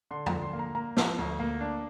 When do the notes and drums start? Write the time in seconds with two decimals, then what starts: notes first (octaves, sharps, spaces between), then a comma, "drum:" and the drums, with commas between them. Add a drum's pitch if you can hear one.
0.11 D3 C6
0.26 A#5, drum: tom F2
0.32 D3
0.42 C6
0.53 A#3
0.59 A#5
0.75 A#3 A#5
0.97 F3, drum: snare
1.18 D2
1.40 A#3
1.61 D4